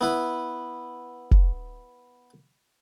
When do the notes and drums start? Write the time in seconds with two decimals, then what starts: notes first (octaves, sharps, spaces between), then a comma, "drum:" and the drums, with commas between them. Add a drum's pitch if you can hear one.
0.01 B3 E4 B4
1.31 drum: kick